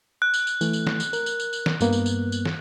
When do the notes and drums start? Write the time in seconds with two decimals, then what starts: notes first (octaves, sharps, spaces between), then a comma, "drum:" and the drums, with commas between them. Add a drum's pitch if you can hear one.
0.22 F#6
0.34 drum: tambourine
0.47 drum: tambourine
0.61 E3 A3, drum: tambourine
0.73 drum: tambourine
0.87 drum: snare
1.00 drum: tambourine
1.13 A#4, drum: tambourine
1.26 drum: tambourine
1.40 drum: tambourine
1.53 drum: tambourine
1.66 drum: snare
1.81 G2 A#3 B3, drum: tambourine
1.93 drum: tambourine
2.06 drum: tambourine
2.32 drum: tambourine
2.45 drum: snare